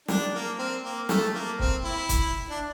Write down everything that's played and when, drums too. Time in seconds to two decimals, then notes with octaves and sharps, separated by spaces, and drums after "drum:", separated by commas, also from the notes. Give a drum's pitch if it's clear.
0.08 D4, drum: snare
0.33 A#3
0.59 C4
0.84 A#3
1.09 A3, drum: snare
1.34 A#3
1.59 C4, drum: kick C#1
1.84 E4
2.09 drum: kick C#1, hi-hat
2.50 D4